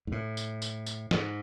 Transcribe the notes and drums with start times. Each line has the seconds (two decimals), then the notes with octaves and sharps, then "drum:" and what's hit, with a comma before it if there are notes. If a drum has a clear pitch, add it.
0.07 G#2
0.12 A2
0.37 drum: tambourine
0.62 drum: tambourine
0.86 drum: tambourine
1.11 G#2, drum: snare